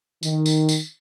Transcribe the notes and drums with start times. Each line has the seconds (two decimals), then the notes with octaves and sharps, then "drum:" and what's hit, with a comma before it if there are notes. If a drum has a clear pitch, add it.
0.23 D#3, drum: tambourine
0.46 drum: tambourine
0.69 drum: tambourine